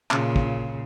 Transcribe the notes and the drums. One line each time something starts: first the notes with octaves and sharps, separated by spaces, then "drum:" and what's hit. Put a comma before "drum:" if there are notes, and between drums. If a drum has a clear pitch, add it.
A#2 C#3, drum: clap
drum: kick